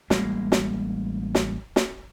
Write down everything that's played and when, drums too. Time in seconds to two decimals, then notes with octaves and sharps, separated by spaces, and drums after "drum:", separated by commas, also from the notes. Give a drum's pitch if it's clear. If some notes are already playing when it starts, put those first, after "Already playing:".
0.10 A1 G3 G#3 A#3, drum: snare
0.52 drum: snare
1.35 drum: snare
1.76 drum: snare